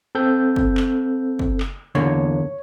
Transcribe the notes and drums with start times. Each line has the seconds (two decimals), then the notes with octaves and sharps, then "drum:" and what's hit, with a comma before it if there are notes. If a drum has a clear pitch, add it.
0.15 C4 A4 G6
0.56 drum: kick
0.77 drum: clap
1.39 drum: kick
1.60 drum: clap
1.95 E2 D3 A#3 C#5